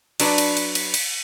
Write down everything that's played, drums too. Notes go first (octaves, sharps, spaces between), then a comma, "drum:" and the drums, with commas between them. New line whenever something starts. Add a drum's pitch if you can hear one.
F#3 D4 B4, drum: cymbal
drum: cymbal
drum: cymbal
drum: cymbal
drum: cymbal